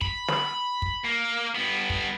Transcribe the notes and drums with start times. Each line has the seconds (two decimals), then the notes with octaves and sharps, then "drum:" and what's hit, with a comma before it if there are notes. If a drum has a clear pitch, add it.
0.01 B5, drum: kick
0.28 drum: snare
0.82 drum: kick
1.05 A#3
1.55 G2 B3
1.90 drum: kick